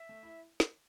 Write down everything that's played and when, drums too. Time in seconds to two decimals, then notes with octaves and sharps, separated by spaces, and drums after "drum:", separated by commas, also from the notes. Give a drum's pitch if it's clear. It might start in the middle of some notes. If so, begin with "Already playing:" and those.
Already playing: E5
0.09 A3
0.23 E4
0.60 drum: snare